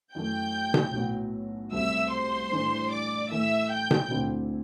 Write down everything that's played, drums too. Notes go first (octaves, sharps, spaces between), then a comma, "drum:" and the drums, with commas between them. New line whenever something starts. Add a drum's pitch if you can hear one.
F#2 E3 A3 G5 G6
drum: tom B2
B1 A2 F#3 B3 F#4
C2 B2 A3 C4 E5 E6
C5 C6
A2 E3 A3 D4
D5 D6
A2 E3 A3 E5 E6
G5 G6
drum: tom B2
D2 D3 A3 C4 E4